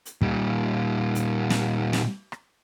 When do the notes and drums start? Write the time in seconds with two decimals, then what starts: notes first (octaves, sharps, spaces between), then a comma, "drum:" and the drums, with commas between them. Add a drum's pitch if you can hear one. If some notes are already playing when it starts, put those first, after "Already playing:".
0.06 drum: hi-hat
0.21 A#2 G3, drum: kick
1.15 drum: hi-hat
1.50 drum: snare
1.93 drum: snare
2.32 drum: rim click